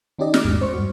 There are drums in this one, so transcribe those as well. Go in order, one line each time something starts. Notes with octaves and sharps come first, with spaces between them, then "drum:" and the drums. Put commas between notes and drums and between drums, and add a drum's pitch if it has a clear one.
D#3 C#4 D#4 G4 D5 D#5
D6 E6 F6, drum: snare
A1 E2 G#2
C5 C#6
G2 F#4